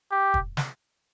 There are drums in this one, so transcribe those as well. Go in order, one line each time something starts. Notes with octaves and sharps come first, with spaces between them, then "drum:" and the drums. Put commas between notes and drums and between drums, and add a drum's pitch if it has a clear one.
G4
drum: kick
drum: snare